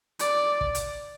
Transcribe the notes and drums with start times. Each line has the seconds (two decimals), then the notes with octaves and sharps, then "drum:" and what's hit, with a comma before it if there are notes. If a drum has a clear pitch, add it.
0.19 D5, drum: hi-hat
0.61 drum: kick
0.75 drum: hi-hat